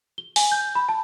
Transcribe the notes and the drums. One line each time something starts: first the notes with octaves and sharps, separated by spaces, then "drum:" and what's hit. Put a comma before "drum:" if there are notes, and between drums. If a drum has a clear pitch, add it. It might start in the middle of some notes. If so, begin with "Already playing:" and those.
G7
G#5, drum: open hi-hat
G6
B5
A5